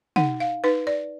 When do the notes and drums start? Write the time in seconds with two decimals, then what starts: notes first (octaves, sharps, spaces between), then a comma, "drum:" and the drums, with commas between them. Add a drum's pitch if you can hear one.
0.16 D#4 F#5, drum: tom
0.40 F5
0.64 D#4 B4
0.87 D5